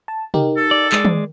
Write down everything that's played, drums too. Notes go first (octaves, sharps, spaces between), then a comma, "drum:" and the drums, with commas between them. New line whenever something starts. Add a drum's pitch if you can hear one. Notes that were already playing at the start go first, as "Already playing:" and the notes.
A5
D#4 G4 A#4, drum: tom C3
A4
D5
G#3 D5, drum: clap
drum: tom D#3